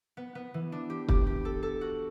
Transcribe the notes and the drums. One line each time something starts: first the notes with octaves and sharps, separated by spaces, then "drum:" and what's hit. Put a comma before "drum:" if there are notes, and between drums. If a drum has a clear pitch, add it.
B3
B3
E3
D4
G4
G4, drum: kick
G4
A4
A4
F#4